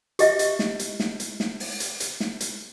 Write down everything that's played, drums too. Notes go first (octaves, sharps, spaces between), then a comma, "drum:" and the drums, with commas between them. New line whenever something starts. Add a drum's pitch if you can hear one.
G4 D#5 E5, drum: hi-hat
drum: hi-hat
drum: snare
drum: hi-hat
drum: snare
drum: hi-hat
drum: snare
drum: open hi-hat
drum: hi-hat
drum: hi-hat
drum: snare
drum: hi-hat